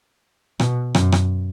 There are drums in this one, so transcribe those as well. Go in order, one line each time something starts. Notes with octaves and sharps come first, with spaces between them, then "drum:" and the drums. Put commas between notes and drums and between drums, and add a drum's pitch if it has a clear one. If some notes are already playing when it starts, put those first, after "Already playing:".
B2, drum: rim click
F#2, drum: rim click
drum: rim click